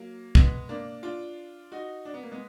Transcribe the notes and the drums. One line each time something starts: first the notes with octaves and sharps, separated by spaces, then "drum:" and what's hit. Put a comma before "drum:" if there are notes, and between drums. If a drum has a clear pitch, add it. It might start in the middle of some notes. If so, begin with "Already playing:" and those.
Already playing: F#3 A#3
G#3 B3, drum: kick
A#3 D4
D4 F4
D#4 F#4
D4
B3
A#3
G#3 B3